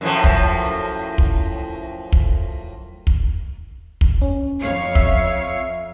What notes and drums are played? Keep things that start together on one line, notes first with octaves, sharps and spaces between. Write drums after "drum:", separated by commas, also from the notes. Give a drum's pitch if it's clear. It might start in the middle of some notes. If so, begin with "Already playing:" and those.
F#2 A2 F3
drum: kick
drum: kick
drum: kick
drum: kick
drum: kick
C#4
F2 C#5 F5
E5, drum: kick